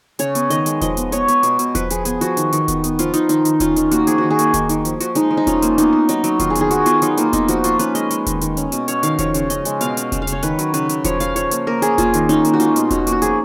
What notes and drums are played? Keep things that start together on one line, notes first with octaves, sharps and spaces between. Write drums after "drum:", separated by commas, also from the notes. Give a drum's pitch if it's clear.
C#3 C#5, drum: hi-hat
B3, drum: hi-hat
D#3 D#5, drum: hi-hat
G#3, drum: hi-hat
F3 D#5, drum: kick E1, hi-hat
B3, drum: hi-hat
B3 C#5, drum: hi-hat
B3, drum: hi-hat
B2, drum: hi-hat
B2, drum: hi-hat
F3 B4, drum: kick E1, hi-hat
F3 G#4, drum: hi-hat
B3 G#4, drum: hi-hat
F3 F#4, drum: hi-hat
D#3, drum: hi-hat
D#3, drum: hi-hat
B3, drum: kick E1, hi-hat
B3, drum: hi-hat
F3 F4, drum: hi-hat
F3 D#4, drum: hi-hat
D#3 D#4, drum: hi-hat
D#3, drum: hi-hat
C#4 F4, drum: kick E1, hi-hat
D#3, drum: hi-hat
A#3 F#4, drum: hi-hat
F3 G#4, drum: hi-hat
D#3 F#4
G#4
A#3, drum: hi-hat
D#3, drum: kick E1, hi-hat
D#3, drum: hi-hat
F3, drum: hi-hat
F3 F#4, drum: hi-hat
G#3 D#4, drum: hi-hat
F3
D#4
C#4 F4, drum: kick E1, hi-hat
A#3, drum: hi-hat
B3 D#4, drum: hi-hat
B3
F#3 D#4, drum: hi-hat
F#3, drum: hi-hat
D#3 F4, drum: kick E1, hi-hat
G#4
B3, drum: hi-hat
G#4
D#3 F#4, drum: hi-hat
B3 F4, drum: hi-hat
F#3 D#4, drum: hi-hat
A#3 F4, drum: hi-hat
B3 D#4, drum: kick E1, hi-hat
F3 F#4, drum: hi-hat
A#3 F4, drum: hi-hat
C#4 B4, drum: hi-hat
G#3 D#5, drum: hi-hat
G#3, drum: hi-hat
D#3, drum: kick E1, hi-hat
D#3, drum: hi-hat
C#4, drum: hi-hat
B2, drum: hi-hat
C#4 C#5, drum: hi-hat
D#3 F5, drum: hi-hat
F3 C#5, drum: kick E1, hi-hat
C#3, drum: hi-hat
C#4 D#5, drum: hi-hat
G#3, drum: hi-hat
B2 F5, drum: hi-hat
C#4, drum: hi-hat
C#3, drum: kick E1, hi-hat
F5
C#3, drum: hi-hat
C#5
D#3 B4, drum: hi-hat
F#3, drum: hi-hat
C#3 B4, drum: hi-hat
C#3, drum: hi-hat
F3 C#5, drum: kick E1, hi-hat
F3 F5, drum: hi-hat
F3 C#5, drum: hi-hat
A#3, drum: hi-hat
A#3 A#4
C#4 G#4, drum: hi-hat
A#3 F4, drum: kick E1, hi-hat
D#3, drum: hi-hat
C#4 D#4, drum: hi-hat
A#3, drum: hi-hat
F#4
G#3 F4, drum: hi-hat
B2, drum: hi-hat
C#4 F#4, drum: kick E1, hi-hat
A#3, drum: hi-hat
F#4
F3 G#4, drum: hi-hat